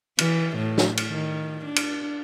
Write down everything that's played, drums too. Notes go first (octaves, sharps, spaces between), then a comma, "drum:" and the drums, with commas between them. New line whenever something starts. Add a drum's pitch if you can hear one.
E3, drum: cymbal
A2
drum: snare
drum: cymbal
D#3
D4
drum: cymbal